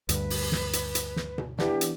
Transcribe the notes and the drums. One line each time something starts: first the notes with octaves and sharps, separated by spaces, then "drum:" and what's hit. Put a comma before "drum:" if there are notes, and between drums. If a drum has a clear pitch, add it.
D2 G2 B4, drum: hi-hat
drum: open hi-hat
drum: snare
drum: hi-hat
drum: hi-hat
drum: snare
drum: tom B2
E3 B3 D4 G4, drum: snare
drum: hi-hat